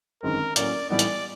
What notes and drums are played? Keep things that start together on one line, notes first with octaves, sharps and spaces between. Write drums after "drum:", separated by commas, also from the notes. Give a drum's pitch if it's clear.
G1 F#2 D#3 G#3 C4 A#4
A2 F#3 A#3 C#4 D5, drum: hi-hat
A2 E3 G3 B3 D#4 D5
drum: hi-hat